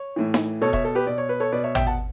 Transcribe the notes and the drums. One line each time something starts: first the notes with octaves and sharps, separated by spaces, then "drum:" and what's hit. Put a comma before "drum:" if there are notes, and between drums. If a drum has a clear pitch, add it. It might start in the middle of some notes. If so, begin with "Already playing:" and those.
Already playing: C#5
A2 E3
drum: snare D#4
B2 A4 C#5
C#5 E5, drum: kick E1
A4
G4 B4
B2 D5
C#5
B4
A4 C#5
B2 B4 D5
C#5 E5
E5 G5, drum: tom
F#5 A5